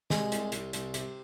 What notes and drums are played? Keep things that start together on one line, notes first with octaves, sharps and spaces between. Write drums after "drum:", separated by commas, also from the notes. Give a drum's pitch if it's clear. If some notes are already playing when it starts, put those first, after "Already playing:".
C2 G#3 G#4, drum: snare
C2, drum: hi-hat
C2, drum: hi-hat
C2, drum: hi-hat
C3, drum: hi-hat